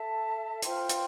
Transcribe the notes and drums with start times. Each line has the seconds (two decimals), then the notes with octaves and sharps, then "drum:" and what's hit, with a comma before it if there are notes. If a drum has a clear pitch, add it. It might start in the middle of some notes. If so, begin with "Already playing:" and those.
Already playing: A4 E5 A5
0.62 F4 C5 G5 C6, drum: hi-hat
0.89 drum: hi-hat